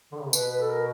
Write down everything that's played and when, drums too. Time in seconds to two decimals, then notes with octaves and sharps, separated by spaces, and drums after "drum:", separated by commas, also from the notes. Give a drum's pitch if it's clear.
0.12 D3
0.19 C#3
0.26 C3
0.33 B2 B4, drum: tambourine
0.50 B4
0.61 A4
0.69 A#4